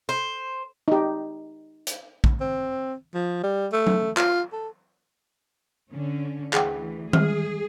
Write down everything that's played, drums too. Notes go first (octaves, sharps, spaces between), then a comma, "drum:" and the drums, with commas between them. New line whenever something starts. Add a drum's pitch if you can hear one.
C5
D#4 G4
drum: hi-hat
drum: kick
C4
F3
G3
A3
drum: tom F#3
F4, drum: clap
A4
D3 C#4
D2 E3 G#4 F#5 G5, drum: clap
G3 G#3 G#4, drum: tom D#3